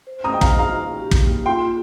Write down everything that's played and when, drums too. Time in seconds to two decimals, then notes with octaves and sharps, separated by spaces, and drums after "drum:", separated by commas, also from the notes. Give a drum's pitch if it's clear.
0.07 C5
0.24 A#5 D#6
0.30 D#5 G5
0.41 F5 A#5, drum: kick
0.53 D#4
0.59 F5 A#5
0.77 D#4
0.99 G4
1.11 drum: kick
1.23 A#3
1.46 F4 G5 C6